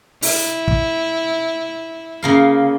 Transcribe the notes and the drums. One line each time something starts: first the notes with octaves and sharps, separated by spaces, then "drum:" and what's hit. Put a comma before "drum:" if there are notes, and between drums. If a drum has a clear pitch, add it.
E4, drum: open hi-hat
drum: kick
C#3 A#3 F5